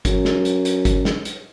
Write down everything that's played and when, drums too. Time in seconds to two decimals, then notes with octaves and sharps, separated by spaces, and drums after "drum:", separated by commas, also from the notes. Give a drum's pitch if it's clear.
0.05 F#2, drum: kick, hi-hat
0.25 drum: snare
0.45 drum: hi-hat
0.65 drum: hi-hat
0.85 drum: kick, hi-hat
1.05 drum: snare
1.25 drum: hi-hat